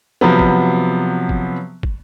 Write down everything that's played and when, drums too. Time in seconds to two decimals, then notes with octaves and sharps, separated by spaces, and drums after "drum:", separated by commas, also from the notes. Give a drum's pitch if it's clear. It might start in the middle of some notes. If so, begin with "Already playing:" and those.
0.21 C3 F3 F#3 B3
0.39 drum: kick
1.29 drum: kick
1.83 drum: kick